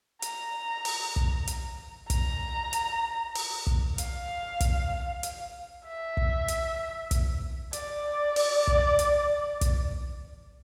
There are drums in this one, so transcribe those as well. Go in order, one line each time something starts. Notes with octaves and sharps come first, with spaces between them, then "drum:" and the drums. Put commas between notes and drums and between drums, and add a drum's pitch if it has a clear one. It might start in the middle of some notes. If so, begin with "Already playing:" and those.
A#5, drum: hi-hat
drum: open hi-hat
drum: kick
drum: hi-hat
A#5, drum: kick, hi-hat
drum: hi-hat
drum: open hi-hat
drum: kick
F5, drum: hi-hat
drum: kick, hi-hat
drum: hi-hat
E5
drum: kick
drum: hi-hat
drum: kick, hi-hat
D5, drum: hi-hat
drum: open hi-hat
drum: kick
drum: hi-hat
drum: kick, hi-hat